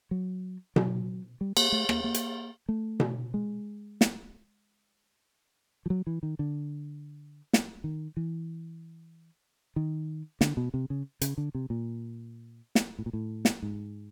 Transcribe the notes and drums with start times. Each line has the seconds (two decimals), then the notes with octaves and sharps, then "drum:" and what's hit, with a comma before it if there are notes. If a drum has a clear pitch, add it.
0.11 F#3
0.76 F#3, drum: tom B2
1.41 G3
1.57 A#3, drum: cymbal
1.72 A3
1.89 A#3, drum: rim click
2.04 A#3
2.14 drum: hi-hat
2.69 A3
3.00 drum: tom B2
3.34 G#3
4.01 drum: snare
5.86 F3
5.90 F#3
6.07 E3
6.23 D#3
6.39 D3
7.53 drum: snare
7.84 D#3
8.17 E3
9.76 D#3
10.41 D3, drum: snare
10.57 B2
10.74 C3
10.90 C#3
11.21 C#3, drum: hi-hat
11.38 D3
11.55 C3
11.70 A#2
12.75 drum: snare
12.99 A2
13.06 A#2
13.13 A2
13.45 drum: snare
13.63 G#2